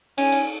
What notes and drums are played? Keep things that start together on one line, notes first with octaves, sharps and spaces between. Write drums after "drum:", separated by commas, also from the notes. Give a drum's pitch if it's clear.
C#4, drum: cymbal
drum: cymbal